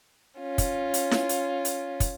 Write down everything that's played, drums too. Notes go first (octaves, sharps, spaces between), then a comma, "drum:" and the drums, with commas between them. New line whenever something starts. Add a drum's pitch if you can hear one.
C#4 F4
drum: kick, hi-hat
drum: hi-hat
drum: snare E4
drum: hi-hat
drum: hi-hat
drum: kick, hi-hat